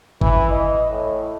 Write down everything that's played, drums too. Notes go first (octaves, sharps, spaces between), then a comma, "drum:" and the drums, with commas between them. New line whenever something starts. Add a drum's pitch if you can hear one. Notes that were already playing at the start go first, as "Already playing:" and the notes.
E3, drum: kick G1
D#5
A2